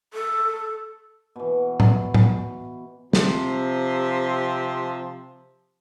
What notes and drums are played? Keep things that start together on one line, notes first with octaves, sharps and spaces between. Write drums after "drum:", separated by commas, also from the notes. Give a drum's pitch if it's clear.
A4
B2 E3
drum: tom A2
drum: tom A2
C3 F3 C4, drum: snare